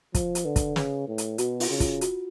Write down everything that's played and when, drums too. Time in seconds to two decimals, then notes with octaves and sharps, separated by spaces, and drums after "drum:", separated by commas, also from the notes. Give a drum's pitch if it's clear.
0.15 F3, drum: kick, hi-hat
0.35 drum: hi-hat
0.45 D3 B4
0.56 drum: kick, hi-hat
0.76 C#3 B4, drum: snare
1.08 A2
1.18 drum: hi-hat
1.38 B2 F#4, drum: hi-hat
1.60 F4, drum: open hi-hat
1.70 C#3
1.80 F4, drum: kick, hi-hat
2.01 F#4, drum: hi-hat